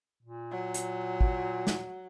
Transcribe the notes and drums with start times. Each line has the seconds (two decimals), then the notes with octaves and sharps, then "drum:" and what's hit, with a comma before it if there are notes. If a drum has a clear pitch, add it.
0.23 A#2
0.51 F#3
0.74 drum: hi-hat
1.21 drum: kick
1.67 drum: snare